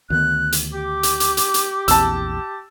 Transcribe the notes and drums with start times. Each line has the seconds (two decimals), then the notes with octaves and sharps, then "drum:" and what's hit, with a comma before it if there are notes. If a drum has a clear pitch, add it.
0.10 D2 D#3 B3 F#6
0.52 drum: hi-hat
0.73 G4 D6
1.03 drum: hi-hat
1.20 drum: hi-hat
1.37 drum: hi-hat
1.54 drum: hi-hat
1.88 A#1 E2 C4 A5 E6, drum: hi-hat